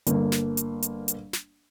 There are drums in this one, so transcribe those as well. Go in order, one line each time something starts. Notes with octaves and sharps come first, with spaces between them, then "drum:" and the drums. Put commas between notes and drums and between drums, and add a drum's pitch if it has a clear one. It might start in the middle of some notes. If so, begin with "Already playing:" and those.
G1 A#3, drum: hi-hat
drum: snare
drum: hi-hat
drum: hi-hat
drum: hi-hat
drum: snare